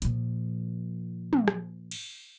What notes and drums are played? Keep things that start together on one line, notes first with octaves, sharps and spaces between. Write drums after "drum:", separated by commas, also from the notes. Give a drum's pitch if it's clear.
A#2 F3, drum: hi-hat
drum: tom
drum: rim click
drum: cymbal